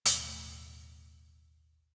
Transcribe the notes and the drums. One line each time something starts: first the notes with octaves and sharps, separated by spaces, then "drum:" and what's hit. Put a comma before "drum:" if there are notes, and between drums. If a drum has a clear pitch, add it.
A1 D#2 B2 A3, drum: hi-hat